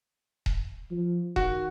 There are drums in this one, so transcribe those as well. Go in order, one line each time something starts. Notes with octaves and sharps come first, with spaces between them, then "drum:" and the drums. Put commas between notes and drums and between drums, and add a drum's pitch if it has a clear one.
drum: kick D#1
F3
D#3 F#4, drum: kick D#1